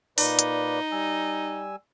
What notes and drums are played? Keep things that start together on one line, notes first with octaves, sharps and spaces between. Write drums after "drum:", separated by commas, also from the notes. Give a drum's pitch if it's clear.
A#2 D#4 B4 D5, drum: open hi-hat
drum: hi-hat
G3 G#5 E6